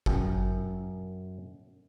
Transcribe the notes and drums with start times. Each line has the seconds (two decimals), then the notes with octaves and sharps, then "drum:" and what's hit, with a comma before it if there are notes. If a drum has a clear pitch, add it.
0.06 F#2 G5, drum: kick G1